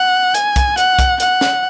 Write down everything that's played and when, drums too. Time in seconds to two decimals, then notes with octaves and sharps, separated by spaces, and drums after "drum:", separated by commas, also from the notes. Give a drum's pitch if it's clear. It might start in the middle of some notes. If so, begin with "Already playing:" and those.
Already playing: F#5
0.35 G#5, drum: hi-hat
0.56 drum: kick, hi-hat
0.77 F#5, drum: hi-hat
0.99 drum: kick, hi-hat
1.20 F#5, drum: hi-hat
1.41 drum: snare